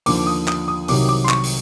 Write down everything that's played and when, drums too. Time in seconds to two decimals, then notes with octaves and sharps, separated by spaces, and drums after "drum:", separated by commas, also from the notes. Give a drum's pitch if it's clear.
0.06 D#2 D3 F3 D6, drum: open hi-hat
0.27 D#6
0.48 D#6, drum: clap
0.68 D#6
0.88 C2 C3 D#3 F#3 D6, drum: open hi-hat
1.09 D6
1.24 C6
1.29 C#6, drum: clap
1.44 drum: open hi-hat